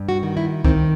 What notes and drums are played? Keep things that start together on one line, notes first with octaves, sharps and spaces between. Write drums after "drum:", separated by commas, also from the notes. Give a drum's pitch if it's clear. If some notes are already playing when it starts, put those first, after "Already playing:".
Already playing: G2
F#4
D#3
E4
D#3 C4, drum: kick C2